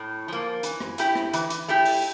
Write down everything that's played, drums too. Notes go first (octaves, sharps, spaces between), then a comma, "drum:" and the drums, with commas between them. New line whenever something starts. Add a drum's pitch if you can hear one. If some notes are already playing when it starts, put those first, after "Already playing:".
Already playing: A2
F3 A#3
E3, drum: hi-hat
drum: rim click
A3 E4 G4, drum: hi-hat
drum: rim click
E3, drum: hi-hat
drum: hi-hat
A3 E4 G4
drum: open hi-hat